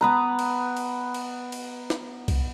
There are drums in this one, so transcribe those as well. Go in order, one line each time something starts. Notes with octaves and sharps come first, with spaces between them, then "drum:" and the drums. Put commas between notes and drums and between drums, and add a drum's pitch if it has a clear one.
B3 B4 A#5
drum: cymbal
drum: cymbal
drum: cymbal
drum: cymbal
drum: snare
drum: kick C2, cymbal